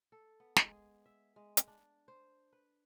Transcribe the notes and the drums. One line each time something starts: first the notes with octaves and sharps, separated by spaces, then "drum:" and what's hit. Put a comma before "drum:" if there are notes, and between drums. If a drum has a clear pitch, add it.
A4
B3
G#3, drum: snare
G#4
E5
G#3
drum: hi-hat
D4
C5
B4